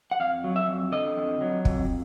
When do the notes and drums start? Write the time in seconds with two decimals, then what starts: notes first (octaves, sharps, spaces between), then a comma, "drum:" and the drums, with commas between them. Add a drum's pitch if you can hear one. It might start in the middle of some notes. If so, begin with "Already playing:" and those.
0.11 F#5
0.20 F2 F5
0.44 F#3
0.56 E5
0.68 F2
0.92 D3 D#5
1.16 F2
1.41 F#3
1.65 F2, drum: kick